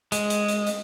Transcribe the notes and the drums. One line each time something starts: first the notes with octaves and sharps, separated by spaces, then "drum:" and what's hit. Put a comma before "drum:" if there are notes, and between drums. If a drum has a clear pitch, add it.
G#3, drum: hi-hat
drum: hi-hat
drum: hi-hat
drum: hi-hat